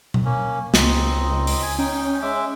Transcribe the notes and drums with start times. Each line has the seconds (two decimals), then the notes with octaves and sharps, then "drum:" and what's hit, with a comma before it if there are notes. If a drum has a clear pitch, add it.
0.14 drum: tom B2
0.25 A#3 C#4
0.74 C#2 C4 D#4 D#5, drum: snare
1.47 drum: open hi-hat
1.62 G#5
1.79 C#4 D#4 G5
2.22 G#3 E5 D6